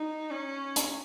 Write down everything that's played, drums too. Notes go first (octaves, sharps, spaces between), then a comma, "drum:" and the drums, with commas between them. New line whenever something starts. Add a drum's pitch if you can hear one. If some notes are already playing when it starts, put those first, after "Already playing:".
Already playing: D#4
C#4
drum: hi-hat